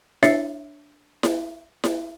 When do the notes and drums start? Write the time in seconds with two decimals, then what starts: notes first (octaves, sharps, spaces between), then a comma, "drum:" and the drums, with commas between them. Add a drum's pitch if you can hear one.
0.23 D4 C#5 E5 A6 C7 C#7, drum: snare E4
1.23 drum: snare E4
1.84 drum: snare E4